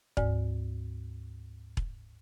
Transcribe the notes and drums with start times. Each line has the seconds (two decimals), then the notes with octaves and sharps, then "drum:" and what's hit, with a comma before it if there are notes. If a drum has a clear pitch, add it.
0.17 D2 G#2, drum: kick E1
1.77 drum: kick E1